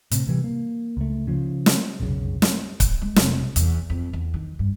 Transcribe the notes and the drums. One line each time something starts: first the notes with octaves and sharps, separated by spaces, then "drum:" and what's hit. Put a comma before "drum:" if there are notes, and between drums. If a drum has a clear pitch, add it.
A2 C3, drum: hi-hat
C3 E3 G3
A#3
C#2 A3
C#3 F3
drum: snare
F1 B1 F#2 C#3
drum: snare
drum: kick C#1, hi-hat
G#3
F1, drum: snare
B1
E2, drum: hi-hat
F2
E2
D#3
G2